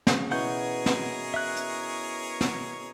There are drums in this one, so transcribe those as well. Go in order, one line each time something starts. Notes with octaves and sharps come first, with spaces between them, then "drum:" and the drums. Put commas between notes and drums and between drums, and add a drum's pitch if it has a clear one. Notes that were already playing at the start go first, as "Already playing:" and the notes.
C#3, drum: snare
B2 E3 G#4 A#4 C#5 F#5 G6
drum: snare
E5 F#6
drum: hi-hat
drum: snare